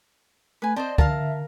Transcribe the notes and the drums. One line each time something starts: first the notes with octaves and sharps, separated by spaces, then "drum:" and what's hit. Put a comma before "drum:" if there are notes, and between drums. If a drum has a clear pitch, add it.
A3 B4 G#5
C4 C5 D5 D#5 A5
D3 A#4 F5 A5, drum: kick
E5